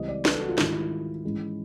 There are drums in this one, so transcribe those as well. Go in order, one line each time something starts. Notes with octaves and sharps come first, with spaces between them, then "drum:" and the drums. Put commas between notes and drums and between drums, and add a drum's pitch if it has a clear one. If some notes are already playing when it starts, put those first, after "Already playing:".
Already playing: C#2 C#3 E3 G3 C4 D#5
D5
B4, drum: snare
A4
F#4
F4
G#2 D#3 G3 E4, drum: snare
F4
E4
G#2 E3 G#3 C#4